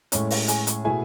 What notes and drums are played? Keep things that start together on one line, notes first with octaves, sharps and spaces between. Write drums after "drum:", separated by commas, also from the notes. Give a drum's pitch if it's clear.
A2 G#3 C#4, drum: hi-hat
drum: open hi-hat
G#4 G#5, drum: hi-hat
drum: hi-hat
B2 A3 E4 G#4 G#5